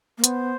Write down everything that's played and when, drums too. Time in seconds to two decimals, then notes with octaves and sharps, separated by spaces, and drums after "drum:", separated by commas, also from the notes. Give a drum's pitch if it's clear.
0.18 A#3
0.24 B3 C5, drum: hi-hat